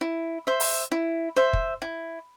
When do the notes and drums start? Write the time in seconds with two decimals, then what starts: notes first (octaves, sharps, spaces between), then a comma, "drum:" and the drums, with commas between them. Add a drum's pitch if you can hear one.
0.01 E4
0.47 C5 E5
0.60 drum: open hi-hat
0.92 E4
1.36 C5 E5
1.53 drum: kick
1.82 E4